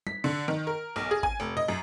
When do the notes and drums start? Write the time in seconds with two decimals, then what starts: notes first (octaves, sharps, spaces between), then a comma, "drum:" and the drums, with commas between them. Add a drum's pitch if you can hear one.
0.07 B6, drum: tom G3
0.24 D3
0.48 D#3
0.67 A#4
0.96 B1
1.11 G#4
1.23 G#5, drum: kick G#1
1.40 F1
1.57 D#5, drum: tom B2
1.68 F#2